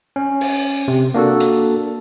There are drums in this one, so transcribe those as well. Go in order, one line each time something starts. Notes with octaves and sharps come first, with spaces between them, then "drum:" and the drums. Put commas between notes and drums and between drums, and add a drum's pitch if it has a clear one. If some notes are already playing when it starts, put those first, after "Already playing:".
C#4
drum: open hi-hat
C3
A#3 D4 F#4 A4
drum: hi-hat